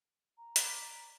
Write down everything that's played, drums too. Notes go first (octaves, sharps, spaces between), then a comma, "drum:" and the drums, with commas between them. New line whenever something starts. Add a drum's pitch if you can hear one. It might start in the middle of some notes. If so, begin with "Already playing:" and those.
A#5
D5 B5, drum: hi-hat